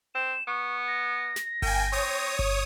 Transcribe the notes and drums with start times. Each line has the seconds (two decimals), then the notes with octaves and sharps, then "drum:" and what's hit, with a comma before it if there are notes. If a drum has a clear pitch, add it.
0.15 C4 E7
0.47 B3 C#6
0.88 A#6
1.36 drum: snare
1.62 A#3 G5 G#5, drum: kick G1
1.92 C4 C#5 D#6
2.39 drum: kick G1